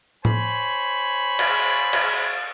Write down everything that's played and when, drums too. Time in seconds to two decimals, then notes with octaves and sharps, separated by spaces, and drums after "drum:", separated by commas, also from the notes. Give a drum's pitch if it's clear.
0.25 C5 C#5 G#5 B5, drum: tom A2
1.39 drum: cymbal
1.93 drum: cymbal